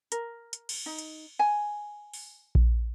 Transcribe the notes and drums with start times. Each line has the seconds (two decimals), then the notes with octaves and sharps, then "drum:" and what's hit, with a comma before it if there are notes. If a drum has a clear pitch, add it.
0.12 A#4, drum: hi-hat
0.53 drum: hi-hat
0.69 drum: cymbal
0.86 D#4
0.98 drum: hi-hat
1.39 G#5
2.14 drum: open hi-hat
2.55 drum: kick A#1